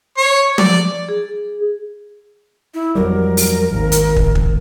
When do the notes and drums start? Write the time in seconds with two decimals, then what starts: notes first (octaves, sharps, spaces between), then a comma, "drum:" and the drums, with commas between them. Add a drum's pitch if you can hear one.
0.18 C#5
0.58 D5, drum: tom
1.09 G#4
2.74 E4
2.95 F2 F#3 G3 A#4
3.37 drum: open hi-hat
3.71 G#1 D#2
3.92 drum: hi-hat
4.16 drum: kick
4.35 drum: kick